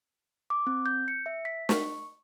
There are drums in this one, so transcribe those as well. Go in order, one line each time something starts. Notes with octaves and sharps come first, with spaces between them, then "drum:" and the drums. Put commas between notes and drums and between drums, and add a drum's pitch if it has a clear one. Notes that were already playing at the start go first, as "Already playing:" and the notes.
D6
C4
G6
C#7
E5
B6
C#6, drum: snare